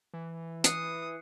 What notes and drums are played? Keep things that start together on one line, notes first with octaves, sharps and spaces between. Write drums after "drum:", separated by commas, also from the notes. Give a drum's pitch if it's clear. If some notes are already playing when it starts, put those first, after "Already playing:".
E3
D#6 F#6 C7 C#7, drum: hi-hat